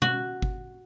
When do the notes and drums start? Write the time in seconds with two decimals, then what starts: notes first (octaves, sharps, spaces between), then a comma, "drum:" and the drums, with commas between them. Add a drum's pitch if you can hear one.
0.02 F#4, drum: tom B2
0.42 drum: kick